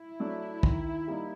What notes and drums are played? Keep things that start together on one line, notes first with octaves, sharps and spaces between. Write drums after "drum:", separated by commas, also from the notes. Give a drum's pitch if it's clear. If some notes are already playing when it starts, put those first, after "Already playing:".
Already playing: E4
F#3 A3 D4
D#3, drum: kick
G3 A#3 D#4